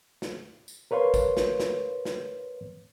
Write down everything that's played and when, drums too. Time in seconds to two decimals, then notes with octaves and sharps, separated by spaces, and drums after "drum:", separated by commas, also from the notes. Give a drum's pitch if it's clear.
0.22 drum: snare
0.68 drum: tambourine
0.91 A#4 B4 C#5 F5 C6
1.14 drum: kick, tambourine
1.37 drum: snare
1.60 drum: snare
2.05 drum: snare